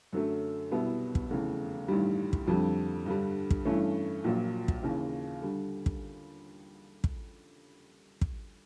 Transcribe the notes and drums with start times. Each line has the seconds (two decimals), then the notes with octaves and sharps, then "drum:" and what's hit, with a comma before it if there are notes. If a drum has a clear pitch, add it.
0.13 F#2 D3 F#3 A3
0.71 C2 B2 G3 B3 E4
1.15 drum: kick
1.30 F1 E2 C#3
1.88 A1 G2 D#3 G3
2.33 drum: kick
2.47 F2 D3 G3
3.06 G2 D3 G3
3.51 drum: kick
3.65 G2 E3 A3 C#4
4.24 A#1 A#2 F#3
4.68 drum: kick
4.82 D#2 C#3 E3
5.42 D3 G3
5.86 drum: kick
7.04 drum: kick
8.21 drum: kick